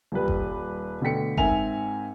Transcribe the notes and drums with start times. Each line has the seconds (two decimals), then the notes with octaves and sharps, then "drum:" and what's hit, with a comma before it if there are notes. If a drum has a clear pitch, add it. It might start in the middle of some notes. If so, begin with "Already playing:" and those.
0.12 D#1 G3 B4
0.28 drum: kick F#1
1.01 B2 D3 A3 G5 B6 C#7
1.37 G#2 C4 A#4 E5 G#5 F7, drum: kick F#1